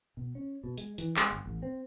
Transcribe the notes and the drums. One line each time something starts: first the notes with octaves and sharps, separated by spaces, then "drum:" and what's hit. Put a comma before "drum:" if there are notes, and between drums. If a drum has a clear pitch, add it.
B2
C#4
B2
G#3, drum: hi-hat
E3, drum: hi-hat
G#3, drum: clap
G1
A1
C4